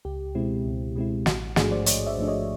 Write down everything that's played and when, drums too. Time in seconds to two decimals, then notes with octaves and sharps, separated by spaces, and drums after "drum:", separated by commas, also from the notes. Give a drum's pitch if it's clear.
0.05 C#2 G4
0.35 B2 G#3 C4 E4
0.66 C#2
0.95 B2 G#3 C4 E4
1.26 A1 F#4, drum: snare
1.56 G#2 F3 A3 D4 F#4 G#4, drum: snare
1.71 C5 D5
1.86 A1 C#5 D#5, drum: hi-hat
2.06 D5 E5
2.17 G#2 F3 A3 D4
2.28 C#5 D#5